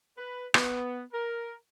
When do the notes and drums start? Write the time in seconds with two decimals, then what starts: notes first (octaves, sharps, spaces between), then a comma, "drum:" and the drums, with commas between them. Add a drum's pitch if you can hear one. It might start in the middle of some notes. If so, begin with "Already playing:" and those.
0.17 B4
0.54 B3, drum: rim click
1.12 A#4